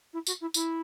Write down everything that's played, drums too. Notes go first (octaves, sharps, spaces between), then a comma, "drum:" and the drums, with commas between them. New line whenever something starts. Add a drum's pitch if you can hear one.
E4
F#4, drum: tambourine
E4
E4, drum: tambourine